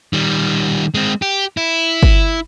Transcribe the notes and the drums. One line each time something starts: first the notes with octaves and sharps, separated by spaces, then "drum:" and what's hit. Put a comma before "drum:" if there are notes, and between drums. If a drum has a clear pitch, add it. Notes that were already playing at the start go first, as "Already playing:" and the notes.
D#3 G3
G#3 C4
G4
E4
drum: kick G1